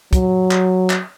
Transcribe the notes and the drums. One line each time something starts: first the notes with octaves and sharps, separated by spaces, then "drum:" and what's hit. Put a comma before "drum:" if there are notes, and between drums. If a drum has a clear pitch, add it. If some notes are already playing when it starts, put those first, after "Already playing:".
F#3, drum: kick, hi-hat
drum: clap
drum: clap